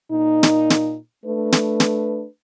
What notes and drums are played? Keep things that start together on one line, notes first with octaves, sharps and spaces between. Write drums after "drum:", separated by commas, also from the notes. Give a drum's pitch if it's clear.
A#2 D#4
drum: snare
drum: snare
A3 D4 B4
drum: snare
drum: snare